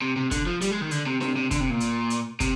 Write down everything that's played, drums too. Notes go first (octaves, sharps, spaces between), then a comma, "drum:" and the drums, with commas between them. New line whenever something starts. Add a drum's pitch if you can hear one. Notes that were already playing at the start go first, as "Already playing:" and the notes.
C3
C3
D3, drum: kick, hi-hat
F3
G3, drum: hi-hat
G#3
D#3
D3, drum: hi-hat
C3
C3, drum: snare D4
C3
D3, drum: kick, hi-hat
C3
A#2
drum: hi-hat
drum: hi-hat
C3, drum: kick, hi-hat